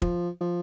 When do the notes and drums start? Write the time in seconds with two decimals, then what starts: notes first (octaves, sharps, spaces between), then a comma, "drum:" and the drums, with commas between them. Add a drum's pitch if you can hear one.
0.02 F3, drum: kick
0.41 F3